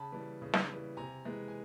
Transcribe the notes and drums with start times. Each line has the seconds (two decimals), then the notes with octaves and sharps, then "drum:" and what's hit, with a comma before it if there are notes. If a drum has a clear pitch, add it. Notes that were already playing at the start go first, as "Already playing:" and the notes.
Already playing: C#3 A5 B5
0.12 E3 G3
0.42 C#3
0.54 drum: snare
0.70 E3 G3
0.97 C3 G#5 A#5
1.25 E3 G#3
1.48 G#5